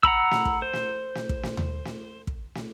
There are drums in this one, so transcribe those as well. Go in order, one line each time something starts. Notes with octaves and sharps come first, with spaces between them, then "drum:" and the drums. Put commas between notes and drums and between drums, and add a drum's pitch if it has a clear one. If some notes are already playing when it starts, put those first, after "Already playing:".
F#5 A#5 B5 E6, drum: kick
drum: snare
drum: kick
C5
drum: snare
drum: snare
drum: kick
drum: snare
drum: tom D#2
drum: snare
drum: kick
drum: snare